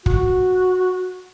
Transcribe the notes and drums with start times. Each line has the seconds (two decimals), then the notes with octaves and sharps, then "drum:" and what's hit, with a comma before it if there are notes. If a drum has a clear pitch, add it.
0.06 F#4, drum: kick